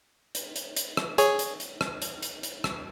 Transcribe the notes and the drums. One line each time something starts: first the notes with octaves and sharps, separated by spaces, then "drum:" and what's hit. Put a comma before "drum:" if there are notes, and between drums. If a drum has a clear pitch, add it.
drum: hi-hat
drum: hi-hat
drum: hi-hat
drum: rim click
G#4 C#5, drum: hi-hat
drum: hi-hat
drum: hi-hat
drum: rim click
drum: hi-hat
drum: hi-hat
drum: hi-hat
drum: rim click